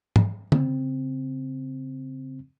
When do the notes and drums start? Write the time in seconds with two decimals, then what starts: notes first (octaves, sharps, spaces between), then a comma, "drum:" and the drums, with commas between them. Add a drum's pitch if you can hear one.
0.16 drum: tom G#2
0.52 C#3 C4, drum: tom